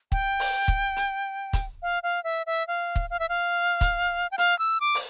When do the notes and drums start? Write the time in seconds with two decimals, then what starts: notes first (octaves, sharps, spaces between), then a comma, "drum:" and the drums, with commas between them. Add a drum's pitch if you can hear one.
0.12 G5, drum: kick
0.40 drum: open hi-hat
0.68 drum: kick
0.96 drum: hi-hat
1.53 drum: kick, hi-hat
1.82 F5
2.03 F5
2.24 E5
2.46 E5
2.67 F5
2.96 drum: kick
3.10 F5
3.19 E5
3.29 F5
3.81 drum: kick, hi-hat
4.31 G5
4.38 F5, drum: hi-hat
4.59 E6
4.81 D6
4.95 drum: open hi-hat